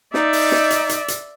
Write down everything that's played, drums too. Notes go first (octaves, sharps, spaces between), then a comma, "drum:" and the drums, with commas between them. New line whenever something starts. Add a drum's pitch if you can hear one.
D#4 D5 E5, drum: snare
drum: open hi-hat
drum: snare
drum: hi-hat
drum: hi-hat
drum: hi-hat